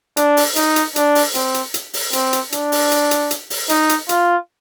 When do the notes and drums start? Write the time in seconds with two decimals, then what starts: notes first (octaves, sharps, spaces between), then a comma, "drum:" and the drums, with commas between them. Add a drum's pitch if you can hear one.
0.17 D4, drum: hi-hat
0.37 drum: open hi-hat
0.56 D#4, drum: hi-hat
0.76 drum: hi-hat
0.96 D4, drum: hi-hat
1.15 drum: open hi-hat
1.35 C4, drum: hi-hat
1.54 drum: hi-hat
1.74 drum: hi-hat
1.93 drum: open hi-hat
2.13 C4, drum: hi-hat
2.33 drum: hi-hat
2.52 D4, drum: hi-hat
2.72 drum: open hi-hat
2.91 drum: hi-hat
3.11 drum: hi-hat
3.31 drum: hi-hat
3.50 drum: open hi-hat
3.69 D#4, drum: hi-hat
3.89 drum: hi-hat
4.09 F4, drum: hi-hat